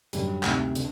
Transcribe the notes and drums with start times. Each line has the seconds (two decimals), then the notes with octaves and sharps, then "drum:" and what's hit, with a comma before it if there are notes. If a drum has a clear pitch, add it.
0.13 F#2 D3 G3, drum: hi-hat
0.43 D2 C3 D#3, drum: clap
0.75 D3, drum: hi-hat